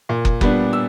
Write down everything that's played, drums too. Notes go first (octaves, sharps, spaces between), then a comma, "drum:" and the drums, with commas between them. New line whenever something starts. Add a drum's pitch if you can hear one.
A#2
drum: kick
G3 B3 D4, drum: kick
E6